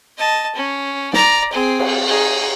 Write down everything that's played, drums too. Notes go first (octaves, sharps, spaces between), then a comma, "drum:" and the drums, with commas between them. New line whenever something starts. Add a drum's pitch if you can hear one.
D#5 A5
C#4
D5 A#5, drum: snare
C4 G#4
drum: cymbal
D#4 G#4